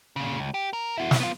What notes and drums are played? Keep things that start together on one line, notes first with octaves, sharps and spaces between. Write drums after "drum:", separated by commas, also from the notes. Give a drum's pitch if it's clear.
A#2 C#3
C#2
G4
A#4
E4 F#4
drum: snare
B3 F4